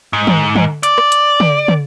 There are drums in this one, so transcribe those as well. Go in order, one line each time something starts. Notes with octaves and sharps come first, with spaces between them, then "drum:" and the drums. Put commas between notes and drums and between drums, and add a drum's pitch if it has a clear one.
G#2
drum: tom
drum: tom
D5, drum: hi-hat
drum: rim click
drum: hi-hat
drum: tom
drum: tom